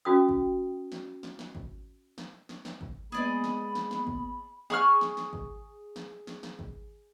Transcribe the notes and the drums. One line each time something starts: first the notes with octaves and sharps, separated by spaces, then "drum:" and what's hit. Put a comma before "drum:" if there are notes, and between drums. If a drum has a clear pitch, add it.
C#4 F#4 G5 D#6
drum: kick
drum: snare
drum: snare
drum: snare
drum: kick
drum: snare
drum: snare
drum: snare
drum: kick
G#3 A#3 B3 G#4 D5 D#5 B5
drum: snare
drum: snare
drum: snare
drum: kick
G#4 C#6 F6, drum: snare
drum: snare
drum: snare
drum: kick
drum: snare
drum: snare
drum: snare
drum: kick